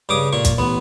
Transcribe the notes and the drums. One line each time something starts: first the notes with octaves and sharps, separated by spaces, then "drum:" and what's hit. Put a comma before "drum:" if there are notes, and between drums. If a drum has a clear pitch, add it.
G2 C#3 D6 D#6
A#2 C#6
drum: kick, hi-hat
A1 B3